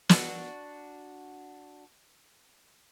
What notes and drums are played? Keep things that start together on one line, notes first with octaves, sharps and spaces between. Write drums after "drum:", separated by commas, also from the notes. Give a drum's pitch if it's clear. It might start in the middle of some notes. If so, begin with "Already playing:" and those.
D4 F#4, drum: snare